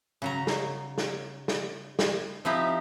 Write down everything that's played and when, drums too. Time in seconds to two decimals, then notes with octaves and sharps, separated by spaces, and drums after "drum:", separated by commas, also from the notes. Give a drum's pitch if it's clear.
0.22 C#3 F#3 A#5
0.47 drum: snare
0.98 drum: snare
1.48 drum: snare
1.99 drum: snare
2.45 F3 C4 D#4 E4 G4